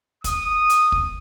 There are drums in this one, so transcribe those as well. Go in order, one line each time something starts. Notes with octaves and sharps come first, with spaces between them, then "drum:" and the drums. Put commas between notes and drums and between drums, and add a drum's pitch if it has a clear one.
D#6, drum: kick, hi-hat
drum: hi-hat
drum: kick